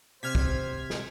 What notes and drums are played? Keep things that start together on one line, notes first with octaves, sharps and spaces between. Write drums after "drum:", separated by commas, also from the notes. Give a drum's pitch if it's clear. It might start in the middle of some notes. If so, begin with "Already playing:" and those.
C3 C5 F6 G#6 B6
drum: kick
drum: snare